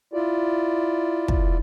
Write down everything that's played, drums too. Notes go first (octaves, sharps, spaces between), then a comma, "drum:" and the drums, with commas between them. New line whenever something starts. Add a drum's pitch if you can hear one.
E4 F4 D5
drum: kick